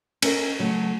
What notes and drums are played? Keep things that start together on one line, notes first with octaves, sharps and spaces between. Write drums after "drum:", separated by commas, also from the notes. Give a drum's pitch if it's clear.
C#4 A4 A#4 D#5, drum: cymbal
C#3 F#3 A3